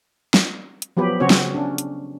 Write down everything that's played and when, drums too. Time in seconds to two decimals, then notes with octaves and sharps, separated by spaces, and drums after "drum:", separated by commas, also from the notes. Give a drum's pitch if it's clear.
0.34 drum: snare
0.82 drum: hi-hat
0.97 F3 F#3 B3 G4 B4
1.20 C#3 C4 F#4 C#5
1.30 drum: snare
1.54 C#4 D4
1.78 drum: hi-hat